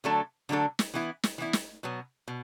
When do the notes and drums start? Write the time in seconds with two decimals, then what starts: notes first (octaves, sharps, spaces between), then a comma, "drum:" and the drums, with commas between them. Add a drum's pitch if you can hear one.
0.04 D3 F#3 A3 D4 A4
0.49 D3 F#3 A3 D4 A4
0.79 drum: snare
0.94 E3 B3 E4
1.23 drum: snare
1.38 E3 B3 E4
1.53 drum: snare
1.83 B2 F#3 B3
2.28 B2